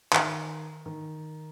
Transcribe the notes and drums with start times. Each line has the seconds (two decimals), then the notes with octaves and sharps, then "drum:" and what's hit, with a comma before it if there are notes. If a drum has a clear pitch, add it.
0.13 D#3, drum: clap
0.86 D#3